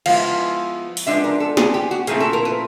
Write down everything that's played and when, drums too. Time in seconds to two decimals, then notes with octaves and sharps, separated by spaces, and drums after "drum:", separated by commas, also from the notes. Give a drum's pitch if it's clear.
0.06 F3 G#3 B3 E4 F5, drum: cymbal
0.97 drum: open hi-hat
1.07 F3 G#3 B3 D4 E5
1.24 A#4
1.40 A4
1.57 G#4, drum: snare
1.74 G4
1.91 F#4
2.07 A#2 F3 A3 C4 E4 G#4, drum: hi-hat
2.20 A4
2.33 A#4
2.45 B4